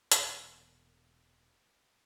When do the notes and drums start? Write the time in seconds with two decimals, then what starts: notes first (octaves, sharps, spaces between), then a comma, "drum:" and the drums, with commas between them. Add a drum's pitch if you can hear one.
0.12 E1 A#2, drum: hi-hat